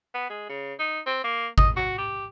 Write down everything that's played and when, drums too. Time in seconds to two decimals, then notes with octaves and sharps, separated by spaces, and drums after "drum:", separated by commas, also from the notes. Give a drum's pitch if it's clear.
0.15 B3
0.30 G#3
0.49 C#3
0.79 D#4
1.06 C4
1.24 A#3
1.58 D#5, drum: kick G#1
1.76 F#4
1.98 G4